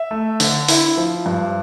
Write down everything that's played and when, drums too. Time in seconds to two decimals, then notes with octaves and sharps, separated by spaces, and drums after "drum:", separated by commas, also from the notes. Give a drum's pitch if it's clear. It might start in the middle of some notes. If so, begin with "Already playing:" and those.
Already playing: E5
0.11 A3
0.40 D3, drum: open hi-hat
0.68 E4, drum: open hi-hat
0.97 F3
1.26 G2